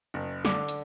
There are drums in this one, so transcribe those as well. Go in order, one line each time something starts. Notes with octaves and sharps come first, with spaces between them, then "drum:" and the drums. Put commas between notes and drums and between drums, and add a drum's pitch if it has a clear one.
F#1
D3 D6, drum: snare
drum: hi-hat